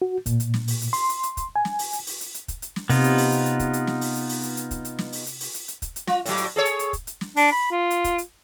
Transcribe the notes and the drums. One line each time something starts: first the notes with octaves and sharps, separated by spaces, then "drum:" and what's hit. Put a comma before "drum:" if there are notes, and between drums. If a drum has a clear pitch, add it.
F#4
A#2, drum: kick, hi-hat
drum: hi-hat
drum: snare
drum: open hi-hat
drum: hi-hat
C6, drum: open hi-hat
drum: hi-hat
drum: hi-hat
drum: kick, hi-hat
G#5
drum: snare
drum: open hi-hat
drum: hi-hat
drum: open hi-hat
drum: hi-hat
drum: hi-hat
drum: kick, hi-hat
drum: hi-hat
drum: snare
C3 B3 D#4 F4, drum: open hi-hat
drum: hi-hat
drum: open hi-hat
drum: hi-hat
drum: hi-hat
drum: kick, hi-hat
drum: hi-hat
drum: snare
drum: open hi-hat
drum: hi-hat
drum: open hi-hat
drum: hi-hat
drum: hi-hat
drum: kick, hi-hat
drum: hi-hat
drum: snare
drum: open hi-hat
drum: hi-hat
drum: open hi-hat
drum: hi-hat
drum: hi-hat
drum: kick, hi-hat
drum: hi-hat
F4, drum: snare
A2 F#3, drum: open hi-hat
drum: hi-hat
G#4 A4 C#5
drum: hi-hat
drum: hi-hat
drum: kick, hi-hat
drum: hi-hat
drum: snare
D4, drum: open hi-hat
B5
F4
drum: hi-hat
drum: kick, hi-hat
drum: hi-hat